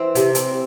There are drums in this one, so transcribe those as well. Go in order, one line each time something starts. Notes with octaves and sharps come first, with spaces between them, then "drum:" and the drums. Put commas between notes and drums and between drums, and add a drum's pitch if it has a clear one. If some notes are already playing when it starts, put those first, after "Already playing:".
Already playing: E3 C4
C3, drum: hi-hat
drum: hi-hat